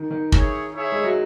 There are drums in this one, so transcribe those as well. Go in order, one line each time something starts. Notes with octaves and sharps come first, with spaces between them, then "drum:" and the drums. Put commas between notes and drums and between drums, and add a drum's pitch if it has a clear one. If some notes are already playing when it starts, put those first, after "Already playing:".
Already playing: D#3
D#3
E4 G#4 C#5, drum: kick
E4 G#4 C#5 E5
G#3
F#3